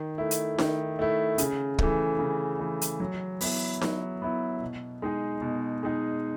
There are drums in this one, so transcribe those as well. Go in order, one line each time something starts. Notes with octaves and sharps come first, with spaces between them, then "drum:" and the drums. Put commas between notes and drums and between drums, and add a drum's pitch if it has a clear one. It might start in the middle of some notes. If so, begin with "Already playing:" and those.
Already playing: D#3
A3 E4
drum: hi-hat
D#3, drum: snare D#4
A3 E4
C#3, drum: hi-hat
E3 A3, drum: kick
C#3
E3 A3
drum: hi-hat
F#3
B3 E4, drum: open hi-hat
F#3, drum: snare D#4
B3 E4
B2
G#3 D#4 G#4
B2
G#3 D#4 G#4